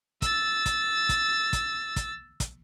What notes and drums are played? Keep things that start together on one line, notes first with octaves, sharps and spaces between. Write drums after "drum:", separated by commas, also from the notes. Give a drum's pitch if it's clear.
E6 A6, drum: kick, hi-hat
drum: kick, hi-hat
drum: kick, hi-hat
drum: kick, hi-hat
drum: kick, hi-hat
drum: kick, hi-hat